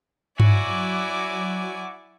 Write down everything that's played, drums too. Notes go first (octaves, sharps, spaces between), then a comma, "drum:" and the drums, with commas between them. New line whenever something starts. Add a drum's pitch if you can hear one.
F#3 E4 F#4 D5 G#5 D6, drum: tom G2